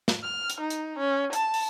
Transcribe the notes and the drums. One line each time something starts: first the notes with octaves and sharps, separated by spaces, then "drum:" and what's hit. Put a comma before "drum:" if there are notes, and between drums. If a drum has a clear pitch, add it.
drum: snare
F6
drum: hi-hat
D#4
drum: hi-hat
C#4
A5, drum: hi-hat
drum: open hi-hat